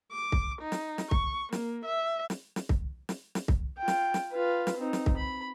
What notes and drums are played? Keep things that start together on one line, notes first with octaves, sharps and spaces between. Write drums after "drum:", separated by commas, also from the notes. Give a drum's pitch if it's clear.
D6
drum: kick
D#4
drum: snare
drum: snare
C#6, drum: kick
A#3, drum: snare
E5
drum: snare
drum: snare
drum: kick
drum: snare
drum: snare
drum: kick
F4 G5
drum: snare
drum: snare
F4 B4
drum: snare
C4 D#4
drum: snare
drum: kick
B5